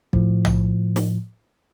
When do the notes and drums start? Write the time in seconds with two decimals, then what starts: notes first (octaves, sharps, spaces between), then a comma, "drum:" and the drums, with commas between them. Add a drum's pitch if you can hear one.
0.13 A2 F3, drum: kick
0.45 drum: tom
0.96 drum: snare